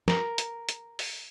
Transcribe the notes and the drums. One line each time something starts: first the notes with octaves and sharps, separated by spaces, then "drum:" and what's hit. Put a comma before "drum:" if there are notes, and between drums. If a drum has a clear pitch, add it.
A#4, drum: snare
drum: hi-hat
drum: hi-hat
drum: open hi-hat